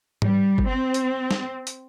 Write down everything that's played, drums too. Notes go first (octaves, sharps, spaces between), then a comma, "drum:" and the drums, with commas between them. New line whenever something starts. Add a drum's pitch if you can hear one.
G3, drum: tom G#2
drum: kick G1
C4
drum: hi-hat
drum: snare
drum: hi-hat